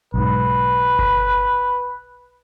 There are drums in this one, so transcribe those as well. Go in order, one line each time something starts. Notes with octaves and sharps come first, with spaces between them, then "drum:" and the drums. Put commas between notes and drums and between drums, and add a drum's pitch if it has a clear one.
B1 G#2 B4
drum: kick G1